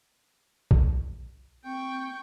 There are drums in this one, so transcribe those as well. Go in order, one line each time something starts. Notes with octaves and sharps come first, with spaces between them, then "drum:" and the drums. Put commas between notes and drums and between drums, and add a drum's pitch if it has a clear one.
drum: kick A#1
C4 G5 C#6